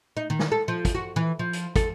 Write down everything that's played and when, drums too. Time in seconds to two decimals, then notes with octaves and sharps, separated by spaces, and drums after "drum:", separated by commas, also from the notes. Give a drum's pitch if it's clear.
0.17 D#4
0.30 D#3
0.39 drum: snare
0.52 A4
0.68 F3
0.85 drum: kick, hi-hat
0.95 F#4
1.16 E3
1.39 F3
1.53 drum: hi-hat
1.76 A4, drum: kick, hi-hat